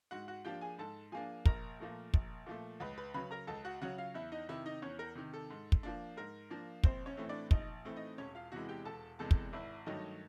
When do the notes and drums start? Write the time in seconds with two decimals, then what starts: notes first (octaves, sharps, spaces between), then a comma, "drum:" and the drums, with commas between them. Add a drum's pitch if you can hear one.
0.11 G#2 F#4 F#5
0.28 F#4 F#5
0.45 F3 A#3 D4 G4 G5
0.61 G#4 G#5
0.78 G#2 A4 A5
1.12 F3 A#3 D4 G#4 G#5
1.45 A#1 A#4 A#5, drum: kick
1.80 A#2 F3 A3
2.14 A#1, drum: kick
2.46 A#2 F3 A3
2.80 C#2 B4 B5
2.98 B4 B5
3.14 C#3 F#3 B4 B5
3.31 A#4 A#5
3.47 C#2 A4 A5
3.65 F#4 F#5
3.82 C#3 F#3 F#4 F#5
3.98 F4 F5
4.14 E2 E4 E5
4.32 D#4 D#5
4.49 C3 D#3 E4 E5
4.66 D#4 D#5
4.82 E2 C#4 C#5
4.99 A#4
5.15 C3 D#3
5.33 A4
5.50 G#2
5.72 drum: kick
5.83 F3 A#3 D4
6.17 G#2 A#4
6.50 F3 A#3 D4
6.84 A#1 C4 C5, drum: kick
7.06 C#4 C#5
7.17 A2 E3 A3 C4
7.29 D4 D5
7.51 A#1 D#4 D#5, drum: kick
7.85 A2 E3 A3 C4
7.96 D#4 D#5
8.18 E1 C#4 C#5
8.35 F4 F5
8.52 E2 C3 E3 G#3 F#4 F#5
8.69 G4 G5
8.85 E1 A4 A5
9.19 E2 C3 E3 G#3 A4 A5
9.31 drum: kick
9.53 G#1 E4 E5
9.86 G2 D#3 F#3 A3 D#4 D#5